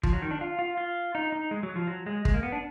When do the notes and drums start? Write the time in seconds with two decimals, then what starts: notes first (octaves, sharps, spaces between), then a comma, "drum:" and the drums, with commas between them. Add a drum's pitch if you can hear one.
0.03 F3, drum: kick
0.13 F#3
0.22 D#3
0.31 D4
0.41 F4
0.59 F4
0.77 F4
1.15 D#4
1.32 D#4
1.51 G#3
1.63 F#3
1.76 F3
1.87 F#3
2.06 G#3
2.25 G#3, drum: kick
2.34 A#3
2.43 B3
2.52 D4